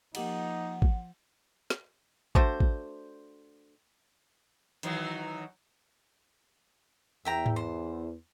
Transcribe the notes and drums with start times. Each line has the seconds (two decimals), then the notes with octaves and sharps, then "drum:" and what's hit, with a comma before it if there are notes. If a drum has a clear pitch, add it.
0.15 F3 A#3 D#4 G4 D#5 F#5, drum: cymbal
0.82 drum: kick
1.70 drum: snare
2.35 A3 D4 F#4 C5, drum: kick
2.60 drum: kick
4.83 D#3 E3 F#3, drum: hi-hat
7.25 E2 E5 G5 A#5
7.46 drum: tom G#2
7.56 C5